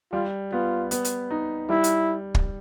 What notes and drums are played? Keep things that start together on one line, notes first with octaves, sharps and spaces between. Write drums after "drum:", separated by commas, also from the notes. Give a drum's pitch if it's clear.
G3 F4
B3 F4
B3, drum: hi-hat
drum: hi-hat
D#4
G3 E4
drum: hi-hat
drum: kick